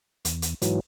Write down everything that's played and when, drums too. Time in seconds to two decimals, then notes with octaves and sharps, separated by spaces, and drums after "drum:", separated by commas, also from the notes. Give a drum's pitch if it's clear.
0.25 E2, drum: hi-hat
0.42 drum: hi-hat
0.62 G#2 E3 F#3, drum: hi-hat